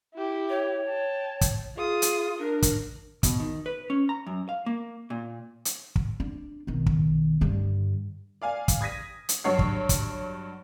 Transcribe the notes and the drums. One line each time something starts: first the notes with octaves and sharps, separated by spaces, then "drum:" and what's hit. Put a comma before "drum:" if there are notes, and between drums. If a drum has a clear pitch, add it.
E4 G4
C#5
G5 A5
drum: kick, hi-hat
F4 G#4 D#6
drum: hi-hat
D4 A#4
drum: kick, hi-hat
B2, drum: kick, hi-hat
D#3
B4
C#4
A#5
F#2
F5
A#3
A#2
drum: hi-hat
drum: kick
D4
B1 D#3
drum: kick
G2 D3
D5 F5 G#5
drum: kick, hi-hat
D#6 G#6 A#6 B6 D#7
drum: hi-hat
G2 F#3 C#5 C7
drum: kick
drum: kick, hi-hat